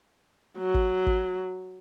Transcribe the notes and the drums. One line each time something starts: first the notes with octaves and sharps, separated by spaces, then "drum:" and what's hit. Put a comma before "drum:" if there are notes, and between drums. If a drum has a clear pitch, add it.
F#3
drum: kick
drum: kick